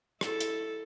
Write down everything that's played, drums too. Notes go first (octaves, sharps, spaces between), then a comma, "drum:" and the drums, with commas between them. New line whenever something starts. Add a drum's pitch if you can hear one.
E4 A4, drum: rim click
drum: hi-hat